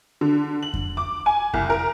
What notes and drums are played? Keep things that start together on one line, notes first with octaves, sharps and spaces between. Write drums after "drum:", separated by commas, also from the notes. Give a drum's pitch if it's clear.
D3
F#7
drum: kick F2
D6
G#5
C2, drum: kick F2
A#4